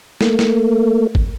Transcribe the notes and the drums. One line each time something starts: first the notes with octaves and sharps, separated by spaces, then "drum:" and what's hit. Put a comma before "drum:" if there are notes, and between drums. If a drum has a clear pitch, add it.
A3 A#3, drum: snare
drum: snare
drum: kick G#1